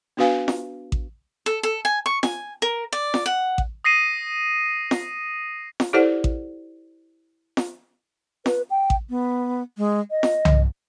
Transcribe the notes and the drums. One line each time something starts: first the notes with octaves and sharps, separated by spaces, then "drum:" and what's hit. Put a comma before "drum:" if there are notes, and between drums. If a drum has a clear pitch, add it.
B3 D4 F#4 B4 F5 G#5
drum: snare
drum: kick A1
A4
A4
G#5
C#6
G#5, drum: snare
A#4
D5
drum: snare
F#5
drum: kick A1
D#6 A#6 C7 D#7
drum: snare
drum: snare
E4 G4 A4 C5 D5 F#5
drum: kick A1
drum: snare
B4, drum: snare
G5
drum: kick A1
B3
G#3
D#5
drum: snare
drum: tom C2